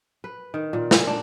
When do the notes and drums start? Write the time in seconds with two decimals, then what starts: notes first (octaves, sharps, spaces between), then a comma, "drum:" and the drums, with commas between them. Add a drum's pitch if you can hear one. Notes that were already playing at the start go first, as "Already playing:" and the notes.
0.24 B4
0.54 D#3
0.73 A#2
0.91 drum: snare
1.07 D4